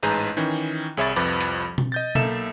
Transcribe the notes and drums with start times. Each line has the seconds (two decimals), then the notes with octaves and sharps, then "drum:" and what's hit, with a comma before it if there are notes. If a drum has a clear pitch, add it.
0.03 A1 G#2 G#4 B4 A#5 G6
0.37 D#3 E3 C#4
0.97 C2 G#4 C#5 E5 B5 A6
1.16 C2 F2 F3 B4 D6
1.41 drum: hi-hat
1.78 drum: tom B2
1.92 D#5 G6 A6
2.15 B1 A#3 A4 E5 E7, drum: tom B2